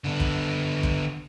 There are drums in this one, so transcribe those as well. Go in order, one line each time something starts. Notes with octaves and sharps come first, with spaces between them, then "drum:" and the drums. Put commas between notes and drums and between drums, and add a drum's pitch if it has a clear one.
D3 B3
drum: kick
drum: kick